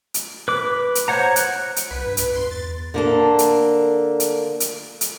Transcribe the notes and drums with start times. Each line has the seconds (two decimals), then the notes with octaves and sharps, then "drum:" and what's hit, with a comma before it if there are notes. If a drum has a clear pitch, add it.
0.14 drum: hi-hat
0.48 B4 D6
0.95 drum: hi-hat
1.08 C5 C#5 F#5 A#5
1.36 F#6, drum: hi-hat
1.76 drum: hi-hat
1.91 C2 B4
2.07 G2
2.17 drum: hi-hat
2.35 E2 C6
2.51 A6
2.94 D3 A#3 A4
3.39 drum: hi-hat
4.20 drum: hi-hat
4.60 drum: hi-hat
5.01 drum: hi-hat